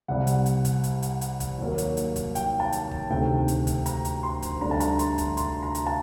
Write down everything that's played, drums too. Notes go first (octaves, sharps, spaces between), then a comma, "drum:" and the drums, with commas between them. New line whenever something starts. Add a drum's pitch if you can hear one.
C2 C3 G3 F#5
drum: hi-hat
drum: hi-hat
drum: kick, hi-hat
drum: hi-hat
drum: hi-hat
drum: hi-hat
drum: kick, hi-hat
D#2 D#3 F#3 A#3
drum: hi-hat
drum: hi-hat
drum: kick, hi-hat
G5, drum: hi-hat
A5
drum: hi-hat
drum: kick
D2 C3 D#3 A3 G5
drum: hi-hat
drum: kick, hi-hat
A#5, drum: hi-hat
drum: hi-hat
C6
drum: kick, hi-hat
D2 D3 G3 A#5
A5
A#5, drum: hi-hat
C6, drum: hi-hat
drum: kick, hi-hat
C6, drum: hi-hat
A#5
drum: hi-hat
A5